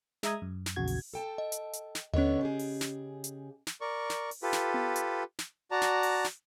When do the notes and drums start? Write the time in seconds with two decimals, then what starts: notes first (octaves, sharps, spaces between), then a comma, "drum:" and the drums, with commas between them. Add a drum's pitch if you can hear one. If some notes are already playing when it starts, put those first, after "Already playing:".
0.23 G#3 E5 A#5 D#6 G#6, drum: snare
0.42 F#2
0.66 drum: snare
0.76 A#1 E2 C#3 F#4 G#6
0.87 drum: open hi-hat
1.14 A4 G5 A5
1.38 D#5
1.52 drum: hi-hat
1.73 drum: hi-hat
1.95 drum: snare
2.14 D3 B3 C#4 C#5 D#5, drum: tom D#2
2.41 C#3 G4 G#4
2.59 drum: open hi-hat
2.81 drum: snare
3.24 drum: hi-hat
3.67 drum: snare
3.81 A#4 D5 C#6
4.10 drum: snare
4.31 drum: open hi-hat
4.43 F4 G4 A4 B4
4.53 drum: snare
4.74 drum: tom B3
4.96 drum: hi-hat
5.39 drum: snare
5.71 F#4 D5 A5 A#5
5.82 drum: snare
6.03 drum: open hi-hat
6.24 drum: snare